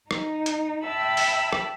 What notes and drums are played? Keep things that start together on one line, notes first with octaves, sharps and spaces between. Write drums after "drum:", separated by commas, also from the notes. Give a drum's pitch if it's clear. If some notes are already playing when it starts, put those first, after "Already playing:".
D#4, drum: rim click
drum: hi-hat
E5 G5 A5 B5 E6
drum: open hi-hat
drum: rim click